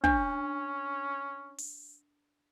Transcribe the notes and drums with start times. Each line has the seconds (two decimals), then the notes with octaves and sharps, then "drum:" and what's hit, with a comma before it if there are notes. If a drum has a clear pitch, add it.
0.04 C#4 D4, drum: kick
1.58 drum: open hi-hat